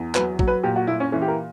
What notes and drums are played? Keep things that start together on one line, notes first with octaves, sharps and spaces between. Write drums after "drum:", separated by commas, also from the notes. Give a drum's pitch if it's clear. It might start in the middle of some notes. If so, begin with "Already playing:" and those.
Already playing: E2
F#3 B4, drum: clap
F#3, drum: kick
B4
A#2 G4
F#4
A#2 E4
C#4
E3 C#4
G4
A#4